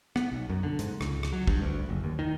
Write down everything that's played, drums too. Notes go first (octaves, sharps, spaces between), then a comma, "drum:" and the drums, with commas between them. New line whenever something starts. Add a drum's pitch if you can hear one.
B3, drum: rim click
B1
F#2
D3
G#2, drum: hi-hat
C#2, drum: rim click
drum: rim click
F#3
G2, drum: kick
D2
F#1
D#2
D#3